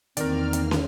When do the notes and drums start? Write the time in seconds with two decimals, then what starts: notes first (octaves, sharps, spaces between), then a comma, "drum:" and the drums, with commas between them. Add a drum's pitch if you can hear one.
0.17 E2 D#3 A#3 C4 A#4 D5 F6, drum: hi-hat
0.53 drum: hi-hat
0.71 drum: snare